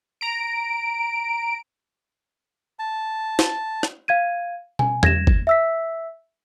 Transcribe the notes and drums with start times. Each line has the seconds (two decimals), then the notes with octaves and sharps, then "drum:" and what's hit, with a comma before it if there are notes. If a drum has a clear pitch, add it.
0.21 A#5 D7
2.79 A5
3.39 drum: snare
3.83 drum: rim click
4.08 F5 G#6 D#7
4.79 G#5, drum: tom B2
5.03 G#6 A#6 E7, drum: tom E2
5.27 drum: kick F#1
5.47 E5 E6 B6